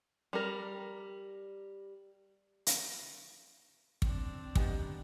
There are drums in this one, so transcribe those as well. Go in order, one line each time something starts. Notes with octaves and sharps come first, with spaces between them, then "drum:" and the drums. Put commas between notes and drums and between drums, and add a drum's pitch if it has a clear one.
G3 A#4
drum: hi-hat
D3 C4 D4, drum: kick
A2 D3 B3 D#4 G4, drum: kick